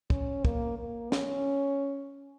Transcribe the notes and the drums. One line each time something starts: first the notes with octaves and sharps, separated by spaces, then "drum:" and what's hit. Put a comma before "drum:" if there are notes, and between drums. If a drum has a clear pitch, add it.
C#4, drum: kick
A#3, drum: kick
A#3
C#4, drum: snare